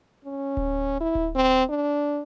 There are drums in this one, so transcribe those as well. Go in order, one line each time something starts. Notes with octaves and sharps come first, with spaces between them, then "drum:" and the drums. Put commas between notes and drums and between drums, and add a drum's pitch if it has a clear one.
C#4
drum: kick D1
E4
drum: kick D1
C4
D4